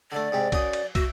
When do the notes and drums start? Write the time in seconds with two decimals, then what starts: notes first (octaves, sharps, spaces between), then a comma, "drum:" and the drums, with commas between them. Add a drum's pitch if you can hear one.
0.12 D3 A3 D5
0.32 G#2 C3 G4
0.52 F#2 D#6, drum: kick, cymbal
0.73 drum: cymbal
0.95 F#4 E5, drum: kick, cymbal